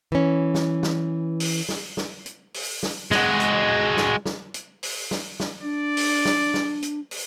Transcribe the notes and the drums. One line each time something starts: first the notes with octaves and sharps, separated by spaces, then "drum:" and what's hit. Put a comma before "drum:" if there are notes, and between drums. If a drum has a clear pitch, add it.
E3 C#4
drum: snare
drum: snare
drum: open hi-hat
drum: snare
drum: snare
drum: hi-hat
drum: open hi-hat
drum: snare
G#3 F#4, drum: snare
drum: hi-hat
drum: snare
drum: snare
drum: hi-hat
drum: open hi-hat
drum: snare
drum: snare
D4 D5
drum: open hi-hat
drum: snare
drum: snare
drum: hi-hat
drum: open hi-hat